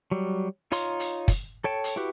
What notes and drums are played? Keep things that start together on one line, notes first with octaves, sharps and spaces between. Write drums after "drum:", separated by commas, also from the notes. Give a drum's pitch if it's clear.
F#3 G3
D#4 F4 C#5 A#5 C6, drum: hi-hat
drum: hi-hat
drum: kick, hi-hat
A4 C#5 G5 A5
drum: hi-hat
E4 F#4 G4 B4